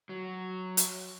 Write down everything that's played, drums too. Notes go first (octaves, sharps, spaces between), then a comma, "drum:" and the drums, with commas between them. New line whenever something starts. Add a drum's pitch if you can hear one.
F#3
drum: hi-hat